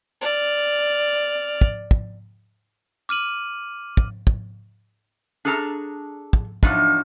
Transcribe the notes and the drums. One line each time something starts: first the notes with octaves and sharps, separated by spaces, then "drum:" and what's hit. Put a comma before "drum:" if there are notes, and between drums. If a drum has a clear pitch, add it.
D5 F6
drum: kick
drum: kick
D6 F6 D#7 F#7
drum: kick
drum: kick
D4 G#4 A4 A5 A#5
drum: kick
E2 F3 F#3 D4 D#4, drum: kick